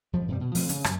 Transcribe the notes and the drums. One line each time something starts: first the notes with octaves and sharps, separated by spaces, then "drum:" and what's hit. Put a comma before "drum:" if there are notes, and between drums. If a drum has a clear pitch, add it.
F2 F3
G2 C3 G3
B2
F3 A3 C4, drum: open hi-hat
C#3, drum: hi-hat
F#2, drum: rim click